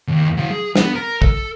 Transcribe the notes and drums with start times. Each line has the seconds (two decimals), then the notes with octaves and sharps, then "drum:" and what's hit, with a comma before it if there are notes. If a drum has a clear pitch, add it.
0.08 D#2
0.37 F#3 F5
0.50 G#4
0.76 B3, drum: snare
0.95 A#4 A#5
1.22 A4, drum: kick